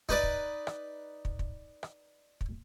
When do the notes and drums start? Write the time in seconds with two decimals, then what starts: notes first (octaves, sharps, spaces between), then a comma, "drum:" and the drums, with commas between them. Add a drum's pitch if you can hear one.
0.09 D#4 B4 D5, drum: kick
0.23 drum: kick
0.67 drum: rim click
1.25 drum: kick
1.39 drum: kick
1.83 drum: rim click
2.41 drum: kick